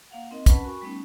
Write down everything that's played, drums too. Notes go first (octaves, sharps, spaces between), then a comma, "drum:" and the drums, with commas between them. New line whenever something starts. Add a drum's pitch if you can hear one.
A#3 F5 F#5
C4 D#4 A#4 D#5
C#4 B4 F#5 A5 B5, drum: kick, hi-hat
F#4 A#4 G#5 B5 C#6
G3 A3 B3 C#4 D#4